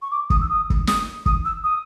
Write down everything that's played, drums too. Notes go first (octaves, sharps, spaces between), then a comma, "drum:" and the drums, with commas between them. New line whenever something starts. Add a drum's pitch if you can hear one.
C#6
D6
D#6, drum: kick
E6
D#6
drum: kick
D#6, drum: snare
D#6, drum: kick
E6
D#6